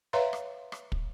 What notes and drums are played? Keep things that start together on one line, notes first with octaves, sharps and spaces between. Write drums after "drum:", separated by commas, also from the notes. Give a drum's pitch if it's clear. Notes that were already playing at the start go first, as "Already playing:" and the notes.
B4 C#5 E5 F5 A#5 C6
drum: rim click
drum: rim click
drum: kick